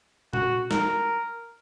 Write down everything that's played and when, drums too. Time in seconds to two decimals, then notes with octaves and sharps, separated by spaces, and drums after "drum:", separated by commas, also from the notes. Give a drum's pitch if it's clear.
0.33 F#4, drum: tom A#2
0.71 A#4, drum: snare